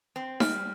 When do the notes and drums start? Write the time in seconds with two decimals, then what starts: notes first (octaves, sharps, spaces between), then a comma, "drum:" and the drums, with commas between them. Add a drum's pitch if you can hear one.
0.16 C4
0.40 G3 F6, drum: snare D#4